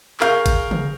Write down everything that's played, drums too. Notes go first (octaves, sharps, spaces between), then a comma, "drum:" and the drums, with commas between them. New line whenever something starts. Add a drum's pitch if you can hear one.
G#4 A#4 F5 C#6 G6, drum: clap
drum: kick, hi-hat
drum: tom